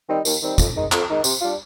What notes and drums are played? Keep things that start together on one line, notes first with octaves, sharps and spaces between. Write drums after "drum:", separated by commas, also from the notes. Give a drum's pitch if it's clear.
D#3 G3 C4 D#4
D#2, drum: tambourine
D#3 G3 C4 D#4
F2, drum: kick, tambourine
D#3 G#3 D#4
F2, drum: clap
D#3 G#3 D#4
C3, drum: tambourine
G3 D4 F4